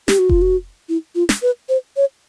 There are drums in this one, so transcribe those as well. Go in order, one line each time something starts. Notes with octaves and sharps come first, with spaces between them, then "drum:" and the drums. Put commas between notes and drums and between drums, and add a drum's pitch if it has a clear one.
G4, drum: snare
F#4
F4, drum: kick F1
F#4
E4
F4
drum: snare
B4
C5
C#5